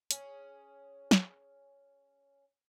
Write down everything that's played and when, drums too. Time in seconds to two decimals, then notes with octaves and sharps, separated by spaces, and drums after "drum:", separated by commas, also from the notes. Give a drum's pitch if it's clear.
0.11 C#4 G#4, drum: hi-hat
1.11 drum: snare